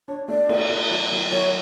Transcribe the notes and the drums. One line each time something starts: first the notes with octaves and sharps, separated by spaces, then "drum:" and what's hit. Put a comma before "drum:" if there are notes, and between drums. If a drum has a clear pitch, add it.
D4 C#5
A3 D5
A3, drum: cymbal
A3
F#3
F#3
F#3 C#5